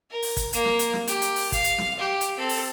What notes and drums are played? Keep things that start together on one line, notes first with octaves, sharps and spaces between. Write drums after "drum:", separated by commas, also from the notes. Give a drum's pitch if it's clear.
A#4
drum: open hi-hat
drum: kick, hi-hat
A#3, drum: hi-hat
drum: snare
drum: hi-hat
drum: snare
G4, drum: hi-hat
drum: hi-hat
drum: open hi-hat
F5, drum: kick, hi-hat
drum: hi-hat
drum: snare
G4
drum: hi-hat
C4 A4
drum: open hi-hat